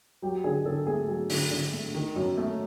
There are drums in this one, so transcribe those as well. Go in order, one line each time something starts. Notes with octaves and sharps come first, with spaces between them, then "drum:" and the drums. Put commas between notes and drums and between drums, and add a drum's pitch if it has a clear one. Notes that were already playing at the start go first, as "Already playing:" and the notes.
F#3 G4
D3 G#4
D3 A4
A3 G#4
F#3 G#4
D3, drum: open hi-hat
D3
A3
D#3
F#2
A3